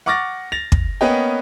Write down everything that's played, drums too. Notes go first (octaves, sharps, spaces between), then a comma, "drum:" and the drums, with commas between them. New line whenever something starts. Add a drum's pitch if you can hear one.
F#5 C#6 D6 F6 A6 A#6
A6 A#6 F7
drum: kick
A#3 B3 C#4 B4 D#5 G5